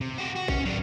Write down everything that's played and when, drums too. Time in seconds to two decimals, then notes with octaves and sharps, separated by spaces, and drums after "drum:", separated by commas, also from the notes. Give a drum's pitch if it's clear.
0.01 C3
0.18 F#4 G4
0.35 F#4
0.48 C#4, drum: kick A1
0.65 F#3 D4